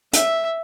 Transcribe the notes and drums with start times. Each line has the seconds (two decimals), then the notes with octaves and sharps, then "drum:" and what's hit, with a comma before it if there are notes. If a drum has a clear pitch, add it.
0.13 E5, drum: hi-hat